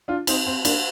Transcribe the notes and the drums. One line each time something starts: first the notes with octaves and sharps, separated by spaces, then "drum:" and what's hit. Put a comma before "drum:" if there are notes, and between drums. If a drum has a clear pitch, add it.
D4 F4
C4 D#4, drum: cymbal
C4
A#3 D4, drum: cymbal